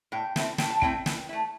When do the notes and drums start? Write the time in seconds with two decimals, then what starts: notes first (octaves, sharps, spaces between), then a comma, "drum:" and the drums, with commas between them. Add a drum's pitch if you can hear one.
0.12 A2 G5
0.36 A3 C4 E4, drum: snare
0.58 A2 G5, drum: snare
0.70 A5
0.82 A3 C4 E4 G5, drum: kick
1.06 E3, drum: snare
1.29 A3 E4